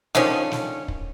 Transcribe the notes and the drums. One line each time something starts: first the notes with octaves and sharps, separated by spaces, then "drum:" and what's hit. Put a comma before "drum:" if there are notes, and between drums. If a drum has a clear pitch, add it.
D3 D#3 F3 C#4, drum: snare
drum: snare
drum: kick